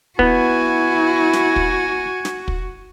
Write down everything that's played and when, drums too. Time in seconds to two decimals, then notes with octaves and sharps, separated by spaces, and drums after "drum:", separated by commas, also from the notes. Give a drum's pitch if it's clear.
0.19 B3 E4 F#4 G#5, drum: kick
1.33 drum: snare
1.56 drum: kick
2.25 drum: snare
2.48 drum: kick